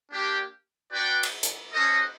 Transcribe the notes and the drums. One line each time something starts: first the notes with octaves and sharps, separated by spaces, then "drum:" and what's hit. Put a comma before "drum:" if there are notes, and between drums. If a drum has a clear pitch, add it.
A#3 D4 G4
D4 F#4 B4 D5 G5
drum: cymbal
drum: hi-hat
C#4 F#4 A4 C5 D#5